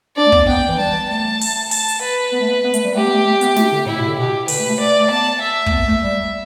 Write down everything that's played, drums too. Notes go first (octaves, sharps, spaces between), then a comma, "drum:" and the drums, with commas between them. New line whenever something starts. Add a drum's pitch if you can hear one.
D4 D5
A3
B3, drum: kick
B3 G5
E3
G3 A5
A3 A5
drum: open hi-hat
A5, drum: open hi-hat
drum: hi-hat
B4
B3
A3
B3
B3
A3, drum: hi-hat
G3
A3 G4
B3
A3
A3
B3, drum: hi-hat
A3, drum: snare
D3
A2 E4
B2
D3
B2 G4
D3 B4, drum: open hi-hat
A3
A3
A3 D5
A3
B3 A5
E5
A3, drum: kick
B3
A3
G3